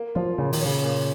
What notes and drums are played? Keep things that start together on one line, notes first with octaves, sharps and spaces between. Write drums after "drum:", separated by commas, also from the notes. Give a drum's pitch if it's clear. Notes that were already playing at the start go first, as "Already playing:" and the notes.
Already playing: A#3
F3 F4
A#2 C#3
D#3, drum: open hi-hat
C#3 C#5
A#2